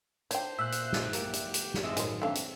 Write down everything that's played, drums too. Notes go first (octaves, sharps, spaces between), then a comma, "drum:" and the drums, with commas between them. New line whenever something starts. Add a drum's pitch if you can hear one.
D4 C5 C#5 G5, drum: hi-hat
A#2 E5 F#6
drum: hi-hat
drum: snare
A#3 G4, drum: hi-hat
drum: hi-hat
drum: hi-hat
drum: snare
F3 G#3 C4 E5
F#2 A2 D#3 F#3 G#4 C5, drum: hi-hat
E3 A3 C4 D4 F5
drum: hi-hat